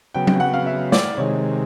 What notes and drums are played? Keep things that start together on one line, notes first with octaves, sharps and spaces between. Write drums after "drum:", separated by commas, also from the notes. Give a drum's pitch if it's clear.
C#3 F#3 B3 G5
G5, drum: tom F#3
F#5
F5
E5
D5, drum: snare
C3 D#3 G#3 C#5